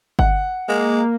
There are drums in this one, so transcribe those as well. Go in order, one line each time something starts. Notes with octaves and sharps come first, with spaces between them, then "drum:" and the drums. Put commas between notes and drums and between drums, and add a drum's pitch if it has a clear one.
F#5, drum: kick G1
G#3 A#3